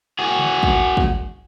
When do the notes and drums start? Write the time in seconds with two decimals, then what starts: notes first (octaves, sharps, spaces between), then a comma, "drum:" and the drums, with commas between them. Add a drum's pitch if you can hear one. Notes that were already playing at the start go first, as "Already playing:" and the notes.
0.19 F#4 G#4
0.39 drum: tom C#3
0.63 drum: kick
0.97 drum: kick